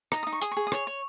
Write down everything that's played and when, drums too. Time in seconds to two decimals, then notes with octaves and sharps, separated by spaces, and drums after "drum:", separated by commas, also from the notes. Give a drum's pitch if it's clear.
0.12 D#4 A#5, drum: rim click
0.23 D#4 D#6
0.32 C#6
0.41 G#4 D#6, drum: hi-hat
0.52 C#6
0.57 G#4
0.67 D#6
0.72 C#5 C#6, drum: rim click
0.87 C#5